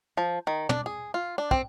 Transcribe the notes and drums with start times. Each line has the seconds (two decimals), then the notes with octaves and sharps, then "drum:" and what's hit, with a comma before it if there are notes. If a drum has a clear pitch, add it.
0.17 F3
0.47 D#3
0.69 D4, drum: tom
0.86 G#4
1.14 F4
1.38 D4
1.51 C4, drum: kick